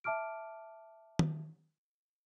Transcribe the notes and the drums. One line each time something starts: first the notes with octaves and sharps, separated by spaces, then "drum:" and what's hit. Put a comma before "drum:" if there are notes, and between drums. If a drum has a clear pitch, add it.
E5 A5 D6 F6 D7
drum: tom D#3